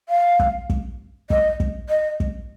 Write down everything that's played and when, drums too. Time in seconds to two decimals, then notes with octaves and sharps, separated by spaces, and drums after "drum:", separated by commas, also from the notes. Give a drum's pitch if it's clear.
0.09 F5
0.39 drum: kick
0.70 drum: kick
1.30 D#5, drum: kick
1.60 drum: kick
1.89 D#5
2.20 drum: kick